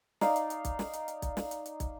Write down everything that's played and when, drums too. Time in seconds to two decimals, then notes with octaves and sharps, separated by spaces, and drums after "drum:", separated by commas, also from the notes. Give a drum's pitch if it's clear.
0.21 D#4 D5 F5, drum: snare
0.36 drum: hi-hat
0.50 drum: hi-hat
0.65 drum: kick, hi-hat
0.79 drum: snare
0.93 drum: hi-hat
1.08 drum: hi-hat
1.22 drum: kick, hi-hat
1.37 drum: snare
1.51 drum: hi-hat
1.66 drum: hi-hat
1.80 drum: kick, hi-hat